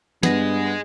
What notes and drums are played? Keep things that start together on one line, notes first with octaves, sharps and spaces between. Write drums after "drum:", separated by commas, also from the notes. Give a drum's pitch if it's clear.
G2 B3 G#4 D#5, drum: snare